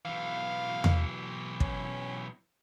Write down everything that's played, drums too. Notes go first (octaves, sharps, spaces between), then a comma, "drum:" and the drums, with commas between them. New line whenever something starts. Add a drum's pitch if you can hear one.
B1 E3 F5
drum: tom E2
C#4, drum: kick